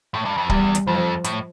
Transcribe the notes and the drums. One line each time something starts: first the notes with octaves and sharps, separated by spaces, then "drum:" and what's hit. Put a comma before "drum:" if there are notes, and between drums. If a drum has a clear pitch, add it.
A2
G2
F2
E2 G3, drum: kick C#1
drum: hi-hat
F2 F3
A2, drum: hi-hat